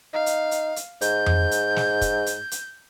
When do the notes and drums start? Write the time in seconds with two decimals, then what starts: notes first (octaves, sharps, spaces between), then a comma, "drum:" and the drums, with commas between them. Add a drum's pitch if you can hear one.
0.13 D#4 F5
0.26 drum: hi-hat
0.51 drum: hi-hat
0.76 drum: hi-hat
1.01 G#2 G6, drum: hi-hat
1.26 drum: tom F2
1.51 drum: hi-hat
1.76 drum: snare
2.01 drum: kick, hi-hat
2.26 drum: hi-hat
2.51 drum: hi-hat